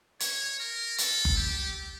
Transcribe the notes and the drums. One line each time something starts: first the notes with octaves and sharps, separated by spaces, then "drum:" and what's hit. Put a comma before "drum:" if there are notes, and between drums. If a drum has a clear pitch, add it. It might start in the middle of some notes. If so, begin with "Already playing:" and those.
C#5, drum: hi-hat
A#4
A4, drum: hi-hat
drum: kick F#1
G4